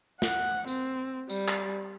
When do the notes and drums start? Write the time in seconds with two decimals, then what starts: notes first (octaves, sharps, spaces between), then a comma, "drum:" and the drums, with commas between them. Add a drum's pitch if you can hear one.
0.22 F#5, drum: snare
0.68 C4, drum: tambourine
1.30 G3, drum: tambourine
1.48 drum: clap